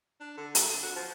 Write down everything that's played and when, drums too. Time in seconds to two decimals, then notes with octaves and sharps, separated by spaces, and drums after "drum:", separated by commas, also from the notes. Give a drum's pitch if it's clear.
0.20 D4
0.37 D3
0.55 F2, drum: hi-hat
0.68 D3
0.83 F#4
0.96 F3